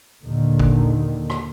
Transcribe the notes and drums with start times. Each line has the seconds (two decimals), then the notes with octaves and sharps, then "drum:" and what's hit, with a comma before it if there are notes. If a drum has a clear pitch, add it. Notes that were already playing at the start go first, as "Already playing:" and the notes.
0.24 D#2 A#2 D3 D#3
0.60 drum: kick
1.30 drum: rim click